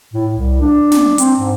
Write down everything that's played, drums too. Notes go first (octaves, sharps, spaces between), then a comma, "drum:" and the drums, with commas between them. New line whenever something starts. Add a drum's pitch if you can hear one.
A2
C2
D4
drum: snare
C4, drum: hi-hat
G#2